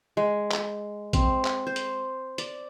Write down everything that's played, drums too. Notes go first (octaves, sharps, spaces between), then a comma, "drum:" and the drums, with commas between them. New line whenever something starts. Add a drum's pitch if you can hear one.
G#3
drum: clap
C4, drum: kick, hi-hat
drum: clap
C5
drum: hi-hat
D5, drum: hi-hat